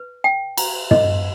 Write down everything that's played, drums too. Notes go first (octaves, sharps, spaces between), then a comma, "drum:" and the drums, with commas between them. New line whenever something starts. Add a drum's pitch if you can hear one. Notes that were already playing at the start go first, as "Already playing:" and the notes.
Already playing: B4
G5
A#5, drum: cymbal
D#5, drum: tom